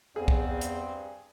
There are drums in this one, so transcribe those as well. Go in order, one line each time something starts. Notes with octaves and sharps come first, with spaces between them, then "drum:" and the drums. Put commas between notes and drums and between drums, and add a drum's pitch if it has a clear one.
E2 G2 C4 G#4
drum: kick
drum: hi-hat